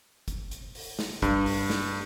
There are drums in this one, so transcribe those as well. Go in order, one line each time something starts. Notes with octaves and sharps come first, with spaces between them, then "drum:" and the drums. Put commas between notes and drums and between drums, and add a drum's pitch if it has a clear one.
drum: kick G1, hi-hat
drum: hi-hat
drum: open hi-hat
drum: snare
G2, drum: kick G1, hi-hat
drum: open hi-hat
drum: snare